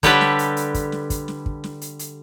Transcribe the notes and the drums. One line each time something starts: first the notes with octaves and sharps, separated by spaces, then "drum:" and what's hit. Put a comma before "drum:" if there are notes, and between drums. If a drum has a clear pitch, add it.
D3 G3 G4 A4 B4 C#5, drum: kick, hi-hat
drum: snare
drum: hi-hat
drum: hi-hat
drum: kick, hi-hat
drum: snare
drum: kick, hi-hat
drum: snare
drum: kick
drum: snare
drum: hi-hat
drum: hi-hat